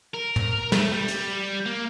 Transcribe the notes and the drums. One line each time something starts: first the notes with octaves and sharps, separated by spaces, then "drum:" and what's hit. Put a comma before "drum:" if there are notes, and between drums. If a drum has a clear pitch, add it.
A#4
drum: tom
A3, drum: snare
G3
drum: hi-hat
A#3